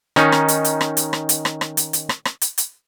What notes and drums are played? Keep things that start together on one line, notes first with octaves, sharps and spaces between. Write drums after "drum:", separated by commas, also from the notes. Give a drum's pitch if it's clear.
D#3 C#4 D#4, drum: rim click
drum: rim click
drum: hi-hat
drum: hi-hat
drum: rim click
drum: hi-hat
drum: rim click
drum: hi-hat
drum: rim click
drum: rim click
drum: hi-hat
drum: hi-hat
drum: rim click
drum: rim click
drum: hi-hat
drum: hi-hat